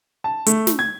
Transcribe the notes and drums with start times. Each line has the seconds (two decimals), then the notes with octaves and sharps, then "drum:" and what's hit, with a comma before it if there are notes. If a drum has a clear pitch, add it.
0.24 A5
0.46 A3, drum: hi-hat
0.67 drum: snare
0.79 G#6